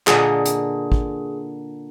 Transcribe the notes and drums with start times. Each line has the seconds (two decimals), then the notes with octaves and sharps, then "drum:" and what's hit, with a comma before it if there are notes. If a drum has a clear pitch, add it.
0.07 A#2 D3 G#4 D#5, drum: clap
0.46 drum: hi-hat
0.92 drum: kick